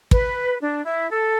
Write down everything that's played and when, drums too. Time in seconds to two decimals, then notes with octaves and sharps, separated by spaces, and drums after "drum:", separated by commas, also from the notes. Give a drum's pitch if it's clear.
0.11 B4, drum: kick
0.61 D4
0.85 E4
1.11 A4